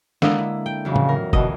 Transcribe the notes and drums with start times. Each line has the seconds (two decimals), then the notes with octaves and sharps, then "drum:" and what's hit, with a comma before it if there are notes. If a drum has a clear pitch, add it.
0.22 D3 G#3 A#3 D4 E4 D#5, drum: snare
0.39 E4
0.66 G5
0.85 F2 C#3 E3 F#3
0.96 drum: tom A2
1.09 A#4
1.33 F2 B2 D3 E3 D#5, drum: kick